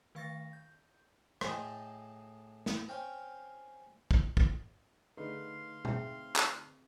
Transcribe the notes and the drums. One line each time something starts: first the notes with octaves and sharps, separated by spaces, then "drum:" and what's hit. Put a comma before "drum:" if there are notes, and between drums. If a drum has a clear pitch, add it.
D#3 A3 F5 C#6 A6 A#6
G6
A2 A3 G#4 D#5 G5 A5, drum: rim click
drum: snare
C4 C#4 F5 G5
drum: kick
drum: kick
D3 A3 D#4 G#4 B4 F5 C6
C4 G#4 E5 G5, drum: tom
drum: clap